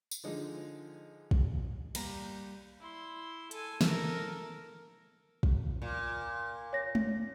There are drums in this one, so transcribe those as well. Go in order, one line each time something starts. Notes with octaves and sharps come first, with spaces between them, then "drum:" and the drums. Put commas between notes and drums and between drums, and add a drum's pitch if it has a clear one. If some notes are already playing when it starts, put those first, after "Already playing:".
drum: tambourine
D3 F3 G#3 D#4
drum: kick
G3 A#3 A#5, drum: cymbal
E4 C6
A4 G#5, drum: hi-hat
A4 A#4, drum: snare
drum: kick
A#2
C#5 A#6
drum: tom G#3